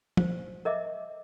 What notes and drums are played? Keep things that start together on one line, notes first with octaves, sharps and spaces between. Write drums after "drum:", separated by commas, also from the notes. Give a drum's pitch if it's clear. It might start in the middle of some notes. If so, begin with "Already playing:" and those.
C5, drum: tom
A#4 D#5 E5 D6